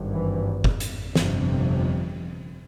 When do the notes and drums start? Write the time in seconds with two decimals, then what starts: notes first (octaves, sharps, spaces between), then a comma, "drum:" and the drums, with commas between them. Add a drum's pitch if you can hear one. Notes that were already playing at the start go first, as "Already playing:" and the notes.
Already playing: G#1 G2
0.12 E3
0.64 drum: kick
0.80 drum: hi-hat
1.15 G1 F2 C3, drum: snare